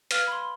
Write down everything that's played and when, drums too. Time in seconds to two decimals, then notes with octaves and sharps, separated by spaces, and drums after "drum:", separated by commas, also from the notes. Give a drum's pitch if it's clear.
0.11 B4 F5 F6, drum: hi-hat
0.21 G#6
0.27 B5
0.32 C6